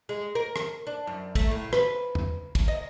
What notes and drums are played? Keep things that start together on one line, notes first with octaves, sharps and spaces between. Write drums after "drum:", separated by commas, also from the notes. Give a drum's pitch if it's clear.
G#3
A#4
drum: rim click
D4
F#2
A3, drum: kick, cymbal
A2
B4, drum: rim click
drum: tom
drum: kick, cymbal
D#5